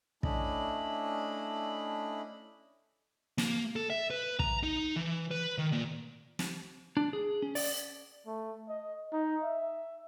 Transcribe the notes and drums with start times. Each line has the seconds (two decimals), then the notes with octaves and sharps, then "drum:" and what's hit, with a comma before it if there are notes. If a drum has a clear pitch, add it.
0.23 A3 C#4 D4 E4 D#5 B5, drum: kick
3.38 A#3, drum: snare
3.76 A4
3.90 E5
4.10 B4
4.39 A#5, drum: kick
4.63 D#4
4.96 E3
5.31 B4
5.58 D#3
5.72 A#2
6.39 drum: snare
6.97 D4
7.13 G#4
7.42 C#4
7.55 D5, drum: open hi-hat
8.26 A3
8.69 D#5
9.13 D#4
9.44 E5